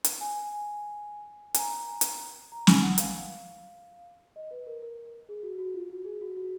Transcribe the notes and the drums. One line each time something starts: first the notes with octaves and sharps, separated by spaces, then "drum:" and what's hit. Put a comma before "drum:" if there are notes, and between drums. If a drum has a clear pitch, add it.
drum: hi-hat
G#5
G#5, drum: hi-hat
A#5
drum: hi-hat
A#5
G#5, drum: snare
F#5
F5, drum: hi-hat
D#5
B4
A#4
A#4
G#4
F#4
F#4
F4
F#4
G#4
F#4
F#4